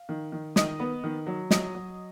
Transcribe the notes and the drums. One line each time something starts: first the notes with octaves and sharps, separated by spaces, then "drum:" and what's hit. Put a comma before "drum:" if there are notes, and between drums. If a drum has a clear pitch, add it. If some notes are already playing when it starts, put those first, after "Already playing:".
Already playing: F5
D#3
D#3
D#3 D#5 D#6, drum: snare
B3
D#3
F#3
F#3 D#5 D#6, drum: snare
F#3